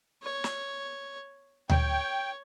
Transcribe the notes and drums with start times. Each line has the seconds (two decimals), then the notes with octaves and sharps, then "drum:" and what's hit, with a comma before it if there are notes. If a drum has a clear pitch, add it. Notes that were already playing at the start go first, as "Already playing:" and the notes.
0.23 C#5
0.44 drum: snare
1.70 C#5 G5, drum: tom D2